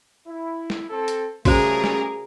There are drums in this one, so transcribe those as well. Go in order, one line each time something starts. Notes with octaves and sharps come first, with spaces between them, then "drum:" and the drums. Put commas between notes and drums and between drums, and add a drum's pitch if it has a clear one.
E4
drum: snare
C4 A4
drum: hi-hat
C#3 G3 A3 F#4 G#4 A#4 C5, drum: kick, open hi-hat
drum: snare